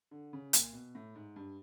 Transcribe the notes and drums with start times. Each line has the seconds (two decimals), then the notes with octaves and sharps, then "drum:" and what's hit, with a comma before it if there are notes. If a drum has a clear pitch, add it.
0.11 D3
0.33 C#3
0.53 A#2, drum: hi-hat
0.73 B2
0.95 A2
1.16 G#2
1.36 G2